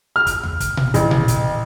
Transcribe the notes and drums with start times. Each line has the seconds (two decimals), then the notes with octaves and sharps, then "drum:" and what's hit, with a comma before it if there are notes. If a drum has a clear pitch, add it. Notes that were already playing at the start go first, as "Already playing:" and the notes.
0.16 F6
0.27 drum: kick, hi-hat
0.43 drum: tom D#2
0.60 drum: kick, hi-hat
0.77 drum: tom A#2
0.94 A1, drum: kick, hi-hat
1.11 drum: tom A#2
1.28 drum: kick, hi-hat